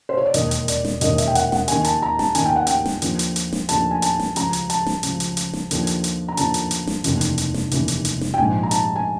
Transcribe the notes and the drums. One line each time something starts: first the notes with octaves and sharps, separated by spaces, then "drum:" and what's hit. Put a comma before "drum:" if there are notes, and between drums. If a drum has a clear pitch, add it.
C5
C#5
D5
E1 D#2 D#3 D#5, drum: hi-hat
drum: hi-hat
D5, drum: hi-hat
drum: snare
E1 D#2 D#3 D#5, drum: hi-hat
E5, drum: hi-hat
G5
F#5, drum: hi-hat
F#5, drum: snare
D#2 D#3 G#5, drum: hi-hat
A5, drum: hi-hat
A#5
A5, drum: snare
D#2 D#3 G#5, drum: hi-hat
G5
F#5
G5, drum: hi-hat
drum: snare
D#2 D3 F3, drum: hi-hat
drum: hi-hat
drum: hi-hat
drum: snare
D#2 D3 F3 A5, drum: hi-hat
G#5
A5, drum: hi-hat
drum: snare
C#2 C#3 F3 A#5, drum: hi-hat
drum: hi-hat
A5, drum: hi-hat
drum: snare
C#2 C#3 F3, drum: hi-hat
drum: hi-hat
drum: hi-hat
drum: snare
D#2 D3 F3, drum: hi-hat
drum: hi-hat
drum: hi-hat
A#5
D#2 D3 F3 A5, drum: hi-hat
drum: hi-hat
drum: hi-hat
drum: snare
F1 D#2 C#3 E3, drum: hi-hat
drum: hi-hat
drum: hi-hat
drum: snare
F1 D#2 C#3 E3, drum: hi-hat
drum: hi-hat
drum: hi-hat
drum: snare
G5
A#1 G#2 F3 G#5
A#5
A5, drum: hi-hat
G#5